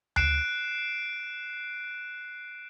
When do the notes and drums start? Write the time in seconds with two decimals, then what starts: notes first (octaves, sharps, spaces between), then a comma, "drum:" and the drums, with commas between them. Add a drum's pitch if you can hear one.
0.16 F#6 C7 D7 E7, drum: tom D2